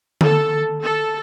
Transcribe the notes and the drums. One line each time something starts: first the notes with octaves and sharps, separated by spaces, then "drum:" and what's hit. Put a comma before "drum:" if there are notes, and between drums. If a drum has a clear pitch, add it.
A4, drum: tom D3
A4